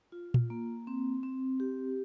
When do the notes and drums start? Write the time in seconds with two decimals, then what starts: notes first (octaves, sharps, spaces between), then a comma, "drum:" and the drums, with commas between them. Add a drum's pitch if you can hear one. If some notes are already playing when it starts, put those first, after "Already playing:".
0.12 F4
0.34 drum: tom A#2
0.50 A#3
0.87 C4
1.23 C4
1.60 G4